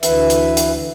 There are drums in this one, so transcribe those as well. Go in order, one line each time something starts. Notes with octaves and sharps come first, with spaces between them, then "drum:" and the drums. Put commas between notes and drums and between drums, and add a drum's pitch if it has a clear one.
D2 E3 B4 E5, drum: hi-hat
drum: hi-hat
drum: hi-hat